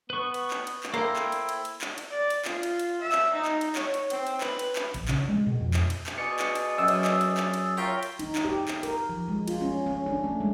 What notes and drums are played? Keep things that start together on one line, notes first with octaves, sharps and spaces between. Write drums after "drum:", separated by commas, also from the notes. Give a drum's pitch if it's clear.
B3 B4 C#6
drum: cymbal
drum: clap
drum: cymbal
drum: clap
A#3 E4 A4 C5 G5
drum: clap
drum: cymbal
drum: cymbal
drum: cymbal
drum: clap
drum: cymbal
D5
drum: cymbal
F4, drum: clap
drum: cymbal
drum: cymbal
E5
drum: clap
D#4
drum: clap
drum: cymbal
C#5, drum: clap
drum: cymbal
C4, drum: cymbal
drum: cymbal
B4, drum: clap
drum: cymbal
drum: clap
A#1, drum: cymbal
C#3, drum: clap
G#3
B2
F2
drum: clap
drum: cymbal
drum: clap
B2 G#4 D5 C#7
drum: clap
drum: cymbal
F#2 E6
drum: cymbal
drum: clap
drum: cymbal
drum: clap
drum: cymbal
F4 A#4 C#5 E5 G5
drum: cymbal
D#4, drum: cymbal
drum: clap
G4
drum: clap
A#4, drum: cymbal
F3
G#3
F4, drum: cymbal
C#4
C#4
D4
A3
G#3